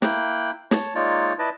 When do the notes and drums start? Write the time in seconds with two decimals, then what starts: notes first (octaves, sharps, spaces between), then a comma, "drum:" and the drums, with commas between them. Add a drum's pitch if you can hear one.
0.02 A#3 E4 G5 F#6, drum: snare
0.71 C#5 A5, drum: snare
0.95 G#3 A#3 D#4 F4 C#5 D5
1.39 E4 B4 D5 D#5 A5